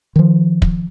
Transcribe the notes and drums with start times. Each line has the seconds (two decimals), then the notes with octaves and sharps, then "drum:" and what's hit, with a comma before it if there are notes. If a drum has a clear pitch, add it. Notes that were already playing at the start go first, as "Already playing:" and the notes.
0.16 D#3 F3
0.62 drum: kick